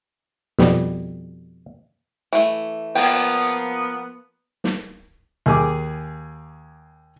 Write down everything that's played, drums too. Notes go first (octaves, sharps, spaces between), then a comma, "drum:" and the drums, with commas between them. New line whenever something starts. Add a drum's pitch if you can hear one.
F2 B2 G3, drum: snare
E3 A3
F3 A#3 B3 G5, drum: open hi-hat
drum: snare
D#2 G#4 D6